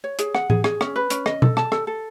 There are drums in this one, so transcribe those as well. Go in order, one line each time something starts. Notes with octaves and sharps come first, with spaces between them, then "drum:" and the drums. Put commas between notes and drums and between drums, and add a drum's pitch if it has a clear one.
C#5
G#4, drum: hi-hat
F#5, drum: rim click
G#4, drum: tom A2
G#4, drum: rim click
C#4, drum: rim click
B4
C#4, drum: hi-hat
D#5, drum: rim click
A4, drum: tom B2
A5, drum: rim click
A4, drum: rim click
A4